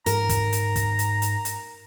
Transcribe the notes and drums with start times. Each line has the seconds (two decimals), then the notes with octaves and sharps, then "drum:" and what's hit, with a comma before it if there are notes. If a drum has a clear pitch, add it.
0.06 G#2 A#4 A#5, drum: hi-hat
0.29 drum: kick, hi-hat
0.52 drum: hi-hat
0.76 drum: kick, hi-hat
0.99 drum: hi-hat
1.22 drum: hi-hat
1.45 drum: hi-hat